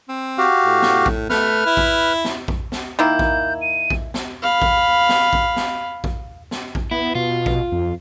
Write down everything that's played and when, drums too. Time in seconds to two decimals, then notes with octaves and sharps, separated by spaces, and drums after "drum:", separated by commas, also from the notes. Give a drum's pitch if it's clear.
0.09 C4
0.38 F#4 G4 F5
0.64 A2
0.82 drum: snare
1.06 drum: kick A#1
1.30 A3 B4 F6, drum: snare
1.66 E4
1.77 drum: kick A#1
2.25 drum: snare
2.48 drum: kick A#1
2.72 drum: snare
2.99 D#3 A#3 E4 G6
3.19 drum: kick A#1
3.61 D#7
3.90 drum: kick A#1
4.14 drum: snare
4.43 F5 B5
4.62 drum: kick A#1
5.09 drum: snare
5.33 drum: kick A#1
5.56 drum: snare
6.04 drum: kick A#1
6.51 drum: snare
6.75 drum: kick A#1
6.91 B3 E4
7.15 B2 F4
7.46 drum: kick A#1
7.72 F2